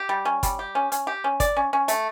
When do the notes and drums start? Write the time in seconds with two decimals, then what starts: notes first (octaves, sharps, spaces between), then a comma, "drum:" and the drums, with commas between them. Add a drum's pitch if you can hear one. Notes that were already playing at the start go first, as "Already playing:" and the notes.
Already playing: G4
0.09 G3
0.25 C#4
0.43 G3, drum: kick G1, hi-hat
0.59 G4
0.75 C#4
0.92 C#4, drum: hi-hat
1.07 G4
1.24 C#4
1.40 D5, drum: kick G1, hi-hat
1.57 C#4
1.73 C#4
1.88 A3, drum: hi-hat